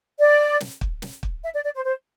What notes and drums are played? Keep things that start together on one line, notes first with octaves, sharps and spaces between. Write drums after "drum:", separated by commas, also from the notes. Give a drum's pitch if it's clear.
D5
drum: snare
drum: kick
drum: snare
drum: kick
E5
D5
D5
C5
C5